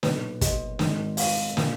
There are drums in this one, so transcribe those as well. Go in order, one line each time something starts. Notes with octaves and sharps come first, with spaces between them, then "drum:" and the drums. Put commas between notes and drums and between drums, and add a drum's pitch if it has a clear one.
B1 A#2 B4, drum: snare
D#5, drum: kick, hi-hat
G#1 G#2 D#3, drum: snare
F5, drum: open hi-hat
A#2, drum: snare